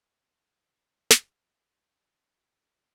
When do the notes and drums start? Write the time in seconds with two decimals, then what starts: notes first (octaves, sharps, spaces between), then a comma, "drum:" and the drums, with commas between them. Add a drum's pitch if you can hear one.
0.11 D4
1.11 drum: snare
1.40 F#3 A#6
1.76 G#4 C#7
2.29 D3 A4